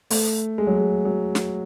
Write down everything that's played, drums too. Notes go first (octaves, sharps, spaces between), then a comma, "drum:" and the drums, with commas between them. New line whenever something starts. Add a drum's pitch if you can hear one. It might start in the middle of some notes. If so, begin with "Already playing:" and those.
A3, drum: open hi-hat
G#3
F#3
G#3
F#3
drum: snare